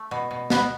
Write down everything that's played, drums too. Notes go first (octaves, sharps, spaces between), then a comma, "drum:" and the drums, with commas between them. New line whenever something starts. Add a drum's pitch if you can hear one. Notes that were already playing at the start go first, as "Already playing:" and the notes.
Already playing: A3
B2
B2
B2 B3, drum: snare